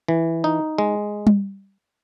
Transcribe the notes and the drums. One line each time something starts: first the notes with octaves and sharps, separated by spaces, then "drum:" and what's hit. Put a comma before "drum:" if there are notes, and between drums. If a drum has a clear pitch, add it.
E3
D#4
G#3
drum: tom G3